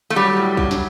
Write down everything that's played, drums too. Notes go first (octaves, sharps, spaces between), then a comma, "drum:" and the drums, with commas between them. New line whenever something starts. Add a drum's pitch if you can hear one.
A3
F#3 G3
A2
F#3, drum: kick A#1
drum: snare